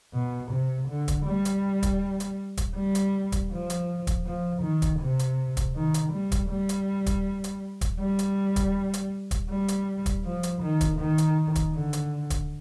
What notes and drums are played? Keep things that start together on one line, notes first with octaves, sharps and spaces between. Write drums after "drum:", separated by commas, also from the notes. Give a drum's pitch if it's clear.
B2
C3
D3
drum: kick, hi-hat
G3
drum: hi-hat
drum: kick, hi-hat
drum: hi-hat
drum: kick, hi-hat
G3
drum: hi-hat
drum: kick, hi-hat
F3
drum: hi-hat
drum: kick, hi-hat
F3
D#3
drum: kick, hi-hat
C3
drum: hi-hat
drum: kick, hi-hat
D#3
drum: hi-hat
G3
drum: kick, hi-hat
G3
drum: hi-hat
drum: kick, hi-hat
drum: hi-hat
drum: kick, hi-hat
G3
drum: hi-hat
drum: kick, hi-hat
drum: hi-hat
drum: kick, hi-hat
G3
drum: hi-hat
drum: kick, hi-hat
F3
drum: hi-hat
D#3
drum: kick, hi-hat
D#3
drum: hi-hat
drum: kick, hi-hat
D3
drum: hi-hat
drum: kick, hi-hat